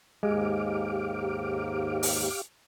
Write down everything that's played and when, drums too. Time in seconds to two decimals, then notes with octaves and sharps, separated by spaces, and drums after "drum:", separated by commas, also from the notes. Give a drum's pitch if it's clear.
0.23 D#2 G#2 G#3 G4 F5 D6
2.03 drum: open hi-hat